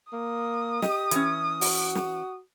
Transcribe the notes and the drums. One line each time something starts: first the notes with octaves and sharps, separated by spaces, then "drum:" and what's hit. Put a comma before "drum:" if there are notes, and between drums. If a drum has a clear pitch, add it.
A#3 D#6
G4 D#5, drum: snare
E3 C#4, drum: hi-hat
F#4, drum: open hi-hat
drum: snare